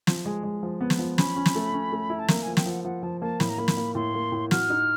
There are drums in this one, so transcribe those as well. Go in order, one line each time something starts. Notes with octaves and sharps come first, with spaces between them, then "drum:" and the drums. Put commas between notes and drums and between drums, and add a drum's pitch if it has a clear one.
F3, drum: snare
G#3
G#3
F3
B3
drum: snare
F3
C#4 B5, drum: snare
C#4
drum: snare
A3
C#4
A3
E4
A5
A#3 A#5, drum: snare
F3 G#5
G5, drum: snare
F3 F#5
F3 F#5
F3 A5
A#3 A5
A2 B5, drum: snare
A#5
A#3 B5
drum: snare
A#3
A2 C6
A#3
A2
F#4 F6, drum: snare
D#4